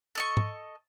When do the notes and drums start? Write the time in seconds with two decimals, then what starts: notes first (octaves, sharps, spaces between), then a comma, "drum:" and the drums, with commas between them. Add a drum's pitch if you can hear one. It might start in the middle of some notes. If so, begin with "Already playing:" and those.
0.15 A4 D#5 C#6
0.37 drum: tom